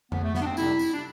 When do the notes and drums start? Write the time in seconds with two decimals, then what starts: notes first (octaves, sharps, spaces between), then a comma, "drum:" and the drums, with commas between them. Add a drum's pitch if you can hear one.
0.12 E2 D3 F3 B3, drum: tom F2
0.24 A3
0.35 B3, drum: snare
0.41 D4
0.45 C4
0.57 F2 C3 G3 E4, drum: tambourine
0.79 drum: tambourine
0.93 D4